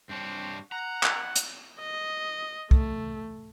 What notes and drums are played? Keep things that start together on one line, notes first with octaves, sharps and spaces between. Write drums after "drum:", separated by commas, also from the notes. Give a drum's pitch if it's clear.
G2 C4 D4 C#5
F#5 A#5
drum: clap
drum: hi-hat
D#5
A3, drum: kick